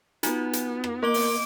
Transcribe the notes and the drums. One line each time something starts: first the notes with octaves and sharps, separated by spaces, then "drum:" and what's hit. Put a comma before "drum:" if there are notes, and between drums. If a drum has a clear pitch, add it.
B3 D#4 F4 F#4, drum: hi-hat
drum: hi-hat
drum: rim click
A#3 A#4 D#5 D6 G7
drum: open hi-hat